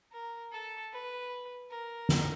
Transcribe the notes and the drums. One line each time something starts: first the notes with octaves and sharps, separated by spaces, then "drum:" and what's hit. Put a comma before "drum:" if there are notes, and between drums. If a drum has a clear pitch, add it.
A#4
A4
B4
A#4
drum: snare